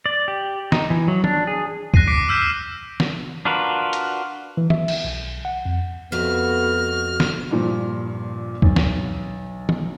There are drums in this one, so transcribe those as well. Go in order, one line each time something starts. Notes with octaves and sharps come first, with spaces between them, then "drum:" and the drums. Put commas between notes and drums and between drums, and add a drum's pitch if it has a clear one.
D5
G4
D#4, drum: snare
E3
F#3
D4, drum: tom D#3
G#4
F#6 A#6 C7 D#7, drum: kick
D6 B6 C7 D7
D6 E6 F6 G6 B6 E7
drum: snare
D4 F4 F#4 A#4 B4
drum: hi-hat
E3
E5, drum: tom D#3
drum: cymbal
B1
F#5
F2
F2 A3 B3 F#4 F6
drum: snare
G2 A#2 F3
B1, drum: kick
drum: snare
drum: tom D#3